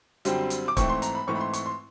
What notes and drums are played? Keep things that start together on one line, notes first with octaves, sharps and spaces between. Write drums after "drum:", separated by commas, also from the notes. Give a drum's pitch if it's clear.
F#2 D3 G3 C4, drum: hi-hat
drum: hi-hat
D6
G#2 E3 A3 C4 C#6, drum: kick, hi-hat
C6
A#5, drum: hi-hat
B5
G#2 E3 A3 C4 C#6
B5
C6
C#6, drum: hi-hat
C6